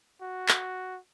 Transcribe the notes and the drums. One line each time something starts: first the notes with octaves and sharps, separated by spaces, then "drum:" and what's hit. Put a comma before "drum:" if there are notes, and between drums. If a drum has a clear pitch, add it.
F#4
drum: clap